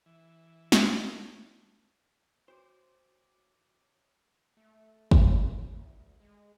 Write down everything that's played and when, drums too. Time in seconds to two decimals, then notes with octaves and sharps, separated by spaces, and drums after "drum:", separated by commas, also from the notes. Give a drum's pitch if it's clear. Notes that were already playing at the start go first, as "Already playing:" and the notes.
0.06 E3
0.72 D4, drum: snare
2.48 F#4 C5 C#5 D6
4.57 A3
5.11 B2, drum: kick
5.65 D2
6.20 G#3